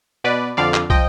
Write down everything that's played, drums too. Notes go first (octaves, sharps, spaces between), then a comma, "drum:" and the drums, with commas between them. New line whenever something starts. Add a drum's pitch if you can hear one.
B2 B4 D5
F2 D3 F3 D5 F5
drum: clap
F3 D#5 G5, drum: kick